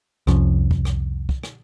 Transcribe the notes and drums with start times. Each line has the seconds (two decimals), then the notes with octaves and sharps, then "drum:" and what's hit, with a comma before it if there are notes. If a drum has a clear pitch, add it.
0.27 C2 F2 F3 C#4, drum: rim click
0.71 drum: kick
0.85 drum: rim click
1.29 drum: kick
1.43 drum: rim click